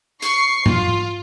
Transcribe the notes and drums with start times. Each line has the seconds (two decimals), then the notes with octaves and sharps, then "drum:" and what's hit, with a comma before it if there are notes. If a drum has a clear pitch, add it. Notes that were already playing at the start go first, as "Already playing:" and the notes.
0.22 C#6 C7, drum: hi-hat
0.66 F4, drum: tom G#2